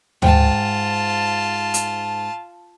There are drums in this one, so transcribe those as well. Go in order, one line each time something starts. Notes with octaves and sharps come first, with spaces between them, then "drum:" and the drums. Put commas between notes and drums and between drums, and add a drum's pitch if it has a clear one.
G#2 F4 G5 A5, drum: tom D2
drum: hi-hat